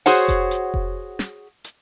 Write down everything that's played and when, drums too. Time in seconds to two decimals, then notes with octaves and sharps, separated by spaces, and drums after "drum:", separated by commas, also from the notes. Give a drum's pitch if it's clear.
0.06 F#4 G#4 C5 C#5 F#5, drum: hi-hat
0.28 drum: kick F1, hi-hat
0.51 drum: hi-hat
0.74 drum: kick F1
1.19 drum: snare
1.64 drum: hi-hat